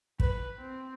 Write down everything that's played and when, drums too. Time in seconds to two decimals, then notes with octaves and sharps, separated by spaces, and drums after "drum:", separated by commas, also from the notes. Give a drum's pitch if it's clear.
0.20 B4, drum: kick
0.59 C4